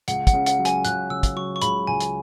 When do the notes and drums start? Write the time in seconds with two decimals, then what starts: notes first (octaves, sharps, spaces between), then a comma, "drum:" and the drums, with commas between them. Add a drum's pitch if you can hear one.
0.08 C#2 F#5, drum: hi-hat
0.27 F#5, drum: kick, hi-hat
0.33 C#3
0.46 F#5, drum: hi-hat
0.59 F#3
0.65 G#5, drum: hi-hat
0.85 C#2 F#6, drum: hi-hat
1.10 C#3 E6
1.23 drum: kick, hi-hat
1.36 F#3 C#6
1.56 C#6
1.62 C#2 B5, drum: hi-hat
1.87 C#2 G#5
2.00 drum: hi-hat